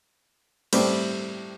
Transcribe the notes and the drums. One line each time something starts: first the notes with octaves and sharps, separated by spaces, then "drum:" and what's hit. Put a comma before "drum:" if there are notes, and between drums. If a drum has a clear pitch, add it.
A2 G3 C4 G4, drum: cymbal